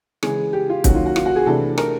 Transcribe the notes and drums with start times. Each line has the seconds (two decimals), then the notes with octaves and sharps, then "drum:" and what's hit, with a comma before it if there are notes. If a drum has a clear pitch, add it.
0.23 C#3 E3 G#3 G#4, drum: rim click
0.53 G4
0.69 F4
0.84 D#3 F#3 A#3 C#4 F#4, drum: kick, hi-hat
0.95 F4
1.06 F#4
1.16 F4, drum: rim click
1.26 F#4
1.36 G#4
1.46 C3 E3 A3 D4 A4
1.78 A#4, drum: rim click